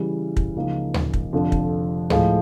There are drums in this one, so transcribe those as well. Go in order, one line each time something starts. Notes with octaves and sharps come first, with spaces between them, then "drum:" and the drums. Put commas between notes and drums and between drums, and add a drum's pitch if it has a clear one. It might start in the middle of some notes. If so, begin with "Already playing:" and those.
Already playing: C#3 E3 G3
drum: kick
C#2 C#3 F3 A#3 D#4
drum: tom D2
drum: kick
F1 F2 D3 F3
drum: kick
A2 F3 G#3, drum: tom D2